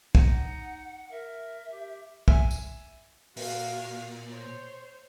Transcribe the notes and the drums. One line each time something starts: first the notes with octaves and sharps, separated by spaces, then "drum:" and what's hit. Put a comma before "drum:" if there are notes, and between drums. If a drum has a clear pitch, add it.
D#4 F#5, drum: kick
A#4 E5
G4
E5 G#5, drum: kick
drum: tambourine
A#2 F#4 F5, drum: open hi-hat
C5 C#5